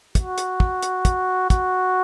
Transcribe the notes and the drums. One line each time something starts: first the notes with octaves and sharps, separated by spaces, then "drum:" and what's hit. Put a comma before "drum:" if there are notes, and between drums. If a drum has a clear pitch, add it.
F#4, drum: kick, hi-hat
drum: hi-hat
drum: kick
drum: hi-hat
drum: kick, hi-hat
F#4, drum: kick, hi-hat